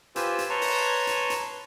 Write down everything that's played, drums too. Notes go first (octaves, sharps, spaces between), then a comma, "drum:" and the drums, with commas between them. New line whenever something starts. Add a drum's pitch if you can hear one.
F4 G4 B4 C5 G#5 E6, drum: hi-hat
drum: hi-hat
B4 C#5 A5 A#5 C6 C#6
drum: open hi-hat
drum: hi-hat
drum: hi-hat